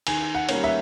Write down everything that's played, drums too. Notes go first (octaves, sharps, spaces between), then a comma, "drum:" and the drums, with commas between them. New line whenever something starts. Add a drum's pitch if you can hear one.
D#3 G#5, drum: cymbal
F#5
G3 A#3 C#4, drum: cymbal
E5